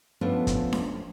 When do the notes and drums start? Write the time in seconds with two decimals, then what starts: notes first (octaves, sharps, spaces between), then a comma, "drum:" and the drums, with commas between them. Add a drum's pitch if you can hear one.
0.21 F3 A3 B3 C#4 D4 F4
0.47 drum: kick, hi-hat
0.73 drum: snare D4